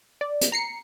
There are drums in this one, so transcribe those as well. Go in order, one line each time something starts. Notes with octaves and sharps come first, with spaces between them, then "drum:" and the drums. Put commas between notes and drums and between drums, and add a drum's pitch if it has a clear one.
D5
drum: hi-hat
A#5 C7 C#7